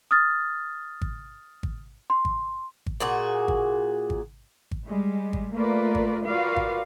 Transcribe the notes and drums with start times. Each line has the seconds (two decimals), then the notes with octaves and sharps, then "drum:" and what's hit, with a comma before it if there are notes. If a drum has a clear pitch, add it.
0.11 D#6 F6 A6
1.01 drum: kick G#1
1.63 drum: kick G#1
2.10 C6
2.25 drum: kick G#1
2.86 drum: kick G#1
3.00 A#2 F#4 G#4
3.48 drum: kick G#1
4.10 drum: kick G#1
4.71 drum: kick G#1
4.87 G3 G#3
5.33 drum: kick G#1
5.54 A3 A#3 F4 A#4 B4 D5
5.95 drum: kick G#1
6.25 F4 F#4 A#4 B4 D5 F5
6.56 drum: kick G#1